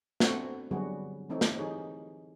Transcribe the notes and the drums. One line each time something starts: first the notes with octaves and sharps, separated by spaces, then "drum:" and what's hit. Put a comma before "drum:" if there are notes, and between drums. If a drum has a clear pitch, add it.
A3 B3 C4 D4 F#4, drum: snare
D3 F#3 G3 B3 F#4 G#4
E3 A3 C4 D#4 A4 C#5
drum: snare
E3 D#4 G4 G#4 C#5